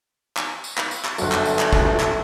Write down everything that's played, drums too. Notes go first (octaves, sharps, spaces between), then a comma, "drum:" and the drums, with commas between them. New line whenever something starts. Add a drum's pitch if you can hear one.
drum: clap
drum: tambourine
drum: clap
drum: tambourine
drum: clap
G1 F#3 A3, drum: tambourine
drum: clap
drum: tambourine
drum: clap
drum: kick
drum: clap